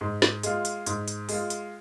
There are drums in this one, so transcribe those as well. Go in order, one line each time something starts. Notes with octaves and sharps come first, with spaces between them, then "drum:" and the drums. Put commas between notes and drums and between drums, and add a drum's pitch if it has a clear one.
G#2
drum: snare
G#3 F4, drum: hi-hat
drum: hi-hat
G#2, drum: hi-hat
drum: hi-hat
G#3 F4, drum: open hi-hat
drum: hi-hat